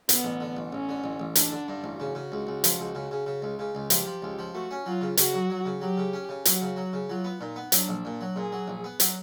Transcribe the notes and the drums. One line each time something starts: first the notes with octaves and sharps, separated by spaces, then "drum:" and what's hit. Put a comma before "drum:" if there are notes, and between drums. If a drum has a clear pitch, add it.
D3 B3, drum: hi-hat
A1
D3
A1
A1 C#4
D3
A1
A1
D3 D4, drum: hi-hat
D3
G2
A1
C#3 F#4
C#3
C#2
C#2
F3, drum: hi-hat
C#2
C#3
C#3
C#3
C#2
C#3
C#2
F3 G4, drum: hi-hat
F3
C#2
F3
A3 F#4
C#4
F#3 F4
C#3
C#3 F#4, drum: hi-hat
F#3
F#3
C#3
F#3 G4
C#3
C#4
C#3
F#3 F#4, drum: hi-hat
C#3
F#3
C#3
F#3 F4
B3
A#2 D#4
B3
F#3 D4, drum: hi-hat
A#1
A#2
F#3
A#2 G#4
F#3
A#1
B3
F#3, drum: hi-hat